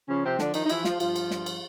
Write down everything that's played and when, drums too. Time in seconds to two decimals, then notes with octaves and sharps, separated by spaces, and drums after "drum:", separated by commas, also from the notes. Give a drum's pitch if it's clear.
0.08 C#3 F3 C#4
0.24 C3 C4
0.39 D3 F3 D4, drum: snare
0.54 D#3 D#4, drum: cymbal
0.65 D#4
0.69 E3 F3 E4, drum: cymbal
0.85 F3 F4, drum: snare
1.00 G2 F3 F4, drum: cymbal
1.16 drum: cymbal
1.31 G2, drum: snare
1.46 drum: cymbal